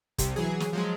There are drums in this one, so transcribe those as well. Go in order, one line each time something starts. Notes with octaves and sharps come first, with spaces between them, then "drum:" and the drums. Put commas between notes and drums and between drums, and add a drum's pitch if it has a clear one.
C2 C3, drum: kick, hi-hat
E3 F#3 G#4
drum: snare
F3 F#3 G#3